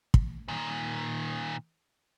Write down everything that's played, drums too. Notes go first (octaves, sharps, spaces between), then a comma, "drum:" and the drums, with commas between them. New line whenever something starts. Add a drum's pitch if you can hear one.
drum: kick
A#2 D#3